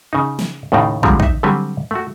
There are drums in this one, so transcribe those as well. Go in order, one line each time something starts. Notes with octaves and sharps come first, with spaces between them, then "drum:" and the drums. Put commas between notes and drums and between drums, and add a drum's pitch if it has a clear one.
C#3 D#4
drum: snare
D#2 A2 C#3 D#4 D5 F5
A#2 D3 F3 G3 G#3 C4, drum: kick
D#4 E5, drum: kick
D3 F#3 G3 C4 G4 G#5
A3 F#4